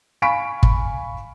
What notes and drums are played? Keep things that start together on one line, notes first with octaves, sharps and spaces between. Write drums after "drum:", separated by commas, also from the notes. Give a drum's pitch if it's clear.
F5 G#5 B5 C#6 B6 D7
drum: kick